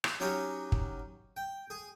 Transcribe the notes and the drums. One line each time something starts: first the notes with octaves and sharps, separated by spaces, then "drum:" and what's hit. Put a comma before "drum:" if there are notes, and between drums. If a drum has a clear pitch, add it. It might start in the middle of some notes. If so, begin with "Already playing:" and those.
drum: rim click
F#3 C#4 D#4 G4 C#5
drum: kick
G5
G#4